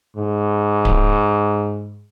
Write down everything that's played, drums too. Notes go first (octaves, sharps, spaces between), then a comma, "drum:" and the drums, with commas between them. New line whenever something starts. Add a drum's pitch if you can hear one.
G#2
drum: kick D1